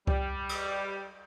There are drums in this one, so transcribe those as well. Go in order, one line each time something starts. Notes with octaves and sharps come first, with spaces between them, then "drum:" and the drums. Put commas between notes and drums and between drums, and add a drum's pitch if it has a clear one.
G3, drum: kick C2
drum: cymbal